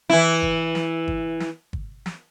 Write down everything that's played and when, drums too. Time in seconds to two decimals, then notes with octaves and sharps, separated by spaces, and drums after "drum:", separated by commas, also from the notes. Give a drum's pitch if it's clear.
0.10 E3 E4, drum: snare
0.42 drum: kick
0.75 drum: snare
1.08 drum: kick
1.40 drum: snare
1.73 drum: kick
2.06 drum: snare